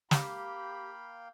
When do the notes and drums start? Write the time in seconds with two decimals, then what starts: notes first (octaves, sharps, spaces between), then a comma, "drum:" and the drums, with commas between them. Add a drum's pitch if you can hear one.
0.11 A#3 G4 F5 G5 B5, drum: snare